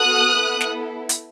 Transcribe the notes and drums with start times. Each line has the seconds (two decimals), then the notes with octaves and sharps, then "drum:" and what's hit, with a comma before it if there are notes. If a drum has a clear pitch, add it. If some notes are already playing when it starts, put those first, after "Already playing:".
Already playing: B3 F#4 A4 D#6 F#6
0.36 B3 E4 A4
0.61 drum: snare
1.09 drum: hi-hat